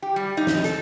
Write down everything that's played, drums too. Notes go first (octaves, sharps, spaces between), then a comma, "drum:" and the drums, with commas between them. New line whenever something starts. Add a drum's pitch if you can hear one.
G4
G3
D#4
drum: snare
A4, drum: hi-hat